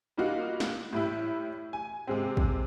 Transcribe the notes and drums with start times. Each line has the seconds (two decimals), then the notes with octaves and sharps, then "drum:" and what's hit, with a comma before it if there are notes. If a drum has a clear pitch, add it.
0.17 G3 A#3 D#4 F4 F#4
0.60 drum: snare
0.93 A2 G3 E4
1.73 G#5
2.07 C3 G#3 C4
2.37 drum: kick